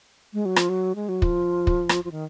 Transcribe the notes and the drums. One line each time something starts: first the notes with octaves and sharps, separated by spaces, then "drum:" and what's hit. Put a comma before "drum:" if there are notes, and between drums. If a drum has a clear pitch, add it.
G#3
F#3
F3, drum: rim click
F#3
G#3
F#3
F3, drum: kick
drum: kick
drum: rim click
F3
D#3